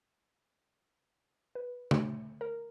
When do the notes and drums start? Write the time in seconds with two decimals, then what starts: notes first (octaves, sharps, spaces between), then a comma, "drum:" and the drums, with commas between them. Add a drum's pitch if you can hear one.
1.55 B4
1.91 A3, drum: tom C#3
2.41 A#4